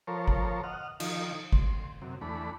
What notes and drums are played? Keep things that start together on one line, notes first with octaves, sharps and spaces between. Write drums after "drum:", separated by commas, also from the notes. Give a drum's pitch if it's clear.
F3 A4 A#4 C5 C#5
drum: kick
D#5 F#5 F6
D#3 F3 D#4, drum: cymbal
C6, drum: kick
F#2 C3
E2 A3 D4 B5